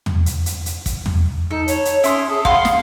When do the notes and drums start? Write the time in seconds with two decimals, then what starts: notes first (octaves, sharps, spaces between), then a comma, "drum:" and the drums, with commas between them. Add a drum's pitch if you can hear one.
0.06 drum: tom
0.26 drum: hi-hat
0.46 drum: hi-hat
0.66 drum: hi-hat
0.86 drum: kick, hi-hat
1.06 drum: tom
1.51 D#4 A4
1.68 C#5, drum: hi-hat
1.85 drum: hi-hat
2.04 C#4 E4 C6 D#6, drum: hi-hat
2.29 G#4 A4
2.45 F5 F#5 B5 C6, drum: kick
2.65 drum: snare